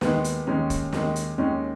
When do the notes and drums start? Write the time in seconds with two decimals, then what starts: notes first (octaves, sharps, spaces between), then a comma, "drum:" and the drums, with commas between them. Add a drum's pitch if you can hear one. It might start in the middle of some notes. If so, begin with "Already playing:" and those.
0.01 D#2 D#3 G#3 B3, drum: snare
0.24 drum: hi-hat
0.47 D#2 D#3 G#3 C#4
0.70 drum: kick, hi-hat
0.92 D#2 D#3 G#3, drum: snare
1.16 drum: hi-hat
1.38 D#2 D#3 G#3 C#4